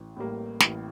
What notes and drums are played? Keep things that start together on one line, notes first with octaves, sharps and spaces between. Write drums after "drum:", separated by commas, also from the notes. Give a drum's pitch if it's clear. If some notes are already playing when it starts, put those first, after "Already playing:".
Already playing: A1
A2 G3 A#3
A1, drum: snare